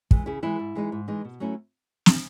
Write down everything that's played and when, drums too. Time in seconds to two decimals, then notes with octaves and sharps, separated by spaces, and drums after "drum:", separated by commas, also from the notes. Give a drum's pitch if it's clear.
0.11 E3 G#3, drum: kick
0.26 C#3 E4 G#4
0.43 E3 G#3 E4
0.59 G#2
0.75 E3 G#3 D#4
0.92 G#2
1.08 E3 G#3 D#4
1.25 B2
1.40 F#3 A3 C#4 E4
2.06 drum: snare